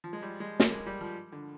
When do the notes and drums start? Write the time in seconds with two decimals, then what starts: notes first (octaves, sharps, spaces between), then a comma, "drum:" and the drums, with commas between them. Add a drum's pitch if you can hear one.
0.04 F3
0.13 G#3
0.22 G3
0.40 G#3
0.60 A#3, drum: snare
0.72 G#3
0.87 G3
1.01 F3
1.32 D3